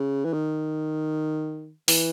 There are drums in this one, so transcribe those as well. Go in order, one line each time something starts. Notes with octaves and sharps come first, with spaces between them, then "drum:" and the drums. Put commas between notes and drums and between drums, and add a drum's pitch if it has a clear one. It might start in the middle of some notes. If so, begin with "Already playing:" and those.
Already playing: C#3
E3
D#3
E3, drum: open hi-hat